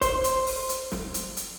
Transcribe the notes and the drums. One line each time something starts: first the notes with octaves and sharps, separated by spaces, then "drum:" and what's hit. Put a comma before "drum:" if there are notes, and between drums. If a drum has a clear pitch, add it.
C5, drum: kick C#1, hi-hat
drum: hi-hat
drum: open hi-hat
drum: hi-hat
drum: snare
drum: hi-hat
drum: hi-hat